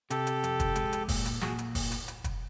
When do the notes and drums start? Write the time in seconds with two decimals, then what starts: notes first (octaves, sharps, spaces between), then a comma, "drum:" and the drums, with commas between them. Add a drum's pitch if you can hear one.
0.10 C3 G4 A4, drum: hi-hat
0.27 drum: hi-hat
0.44 F2, drum: hi-hat
0.60 drum: kick, hi-hat
0.75 G#3, drum: hi-hat
0.93 drum: hi-hat
1.08 A#2, drum: kick, open hi-hat
1.25 drum: hi-hat
1.41 A#2 F#4 G#4, drum: snare
1.58 drum: hi-hat
1.75 drum: kick, open hi-hat
1.91 drum: hi-hat
2.08 drum: hi-hat
2.24 drum: kick, hi-hat